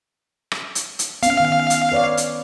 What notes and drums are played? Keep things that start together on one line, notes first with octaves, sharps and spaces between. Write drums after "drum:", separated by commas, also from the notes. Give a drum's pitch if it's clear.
drum: rim click
drum: hi-hat
drum: hi-hat
B3 C#4 F5, drum: hi-hat
D#3
drum: hi-hat
B4 C#5 D5
drum: hi-hat